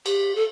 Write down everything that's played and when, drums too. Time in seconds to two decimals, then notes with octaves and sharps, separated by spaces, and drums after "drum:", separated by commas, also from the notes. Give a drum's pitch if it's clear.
0.06 G4, drum: cymbal
0.35 A4